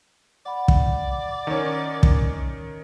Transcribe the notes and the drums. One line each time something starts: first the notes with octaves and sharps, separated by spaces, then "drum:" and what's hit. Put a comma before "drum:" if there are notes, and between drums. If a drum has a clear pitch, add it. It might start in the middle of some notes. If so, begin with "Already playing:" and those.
D5 F#5 B5
drum: kick
D#3 C#4
drum: kick